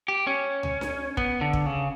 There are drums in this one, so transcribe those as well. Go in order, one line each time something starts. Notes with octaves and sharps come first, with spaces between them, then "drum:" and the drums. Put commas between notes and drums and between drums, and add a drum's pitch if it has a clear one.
G4
C#4
drum: tom C#2
drum: snare D4
B3, drum: kick
D3
drum: kick
C#3